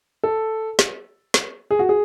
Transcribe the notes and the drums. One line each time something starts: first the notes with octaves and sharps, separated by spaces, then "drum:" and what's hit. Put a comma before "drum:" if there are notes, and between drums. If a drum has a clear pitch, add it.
A4
drum: snare
drum: snare
G#4
F#4
G#4